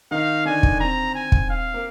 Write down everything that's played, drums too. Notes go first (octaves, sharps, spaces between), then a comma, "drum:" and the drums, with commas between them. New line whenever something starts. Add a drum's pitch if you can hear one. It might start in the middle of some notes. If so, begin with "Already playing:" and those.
D#3 D#4 F5
D3 D4 G#5
drum: kick
C4 A#5
G#5
drum: kick
F5
A#3